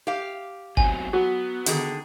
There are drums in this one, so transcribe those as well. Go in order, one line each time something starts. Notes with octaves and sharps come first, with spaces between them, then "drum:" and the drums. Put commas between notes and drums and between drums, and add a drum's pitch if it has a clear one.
G4 F5
F#3 B3 C4 G#5, drum: kick G1
F#3 B3
D3 D#3 G#4, drum: hi-hat